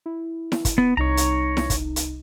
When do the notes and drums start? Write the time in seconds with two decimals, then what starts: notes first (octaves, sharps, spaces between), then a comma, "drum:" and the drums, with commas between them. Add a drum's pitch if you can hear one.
0.06 E4
0.52 drum: snare E4
0.65 drum: kick, hi-hat
0.78 B3
0.97 C2 D#4 C#5 A#5
1.17 drum: hi-hat
1.57 drum: snare E4
1.70 drum: kick, hi-hat
1.96 drum: hi-hat